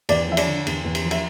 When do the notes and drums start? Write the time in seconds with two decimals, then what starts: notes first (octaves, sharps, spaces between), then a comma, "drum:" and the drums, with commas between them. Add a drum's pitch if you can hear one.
0.09 E2 D5, drum: cymbal
0.27 F3 E5
0.37 D5, drum: cymbal
0.47 D3
0.67 E2, drum: cymbal
0.85 E2
0.95 drum: cymbal
1.05 F3
1.11 E5, drum: cymbal